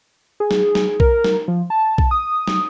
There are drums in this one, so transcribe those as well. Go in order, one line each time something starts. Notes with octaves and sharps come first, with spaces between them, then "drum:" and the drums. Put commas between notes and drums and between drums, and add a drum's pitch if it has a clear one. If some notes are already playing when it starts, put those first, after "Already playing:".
G#4
drum: snare
drum: snare
A#4, drum: kick B1
drum: snare
F3
A5
drum: kick B1
D#6
drum: snare